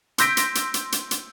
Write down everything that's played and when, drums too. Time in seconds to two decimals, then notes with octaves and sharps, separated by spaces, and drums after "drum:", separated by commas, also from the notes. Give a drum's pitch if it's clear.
0.18 C6 E6 G6 A#6 B6 D7, drum: hi-hat
0.37 drum: hi-hat
0.55 drum: hi-hat
0.74 drum: hi-hat
0.92 drum: hi-hat
1.11 drum: hi-hat